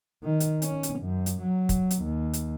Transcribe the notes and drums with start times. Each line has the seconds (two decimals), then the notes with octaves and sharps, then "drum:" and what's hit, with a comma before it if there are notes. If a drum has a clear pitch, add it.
0.23 D#3
0.40 drum: hi-hat
0.62 C#4, drum: hi-hat
0.83 drum: hi-hat
1.00 F#2
1.26 drum: hi-hat
1.42 F#3
1.69 drum: kick, hi-hat
1.91 drum: hi-hat
2.03 D#2
2.33 drum: hi-hat